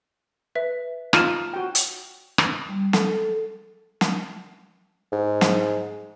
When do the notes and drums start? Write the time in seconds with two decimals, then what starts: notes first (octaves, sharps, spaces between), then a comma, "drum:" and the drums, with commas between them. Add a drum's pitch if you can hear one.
0.55 B4 E5
1.13 D#4 F4 A5 F6 D#7 E7, drum: rim click
1.53 F#4 G5
1.75 drum: hi-hat
2.38 drum: rim click
2.69 G3
2.93 A4, drum: snare
4.01 drum: snare
5.12 G#2
5.41 drum: snare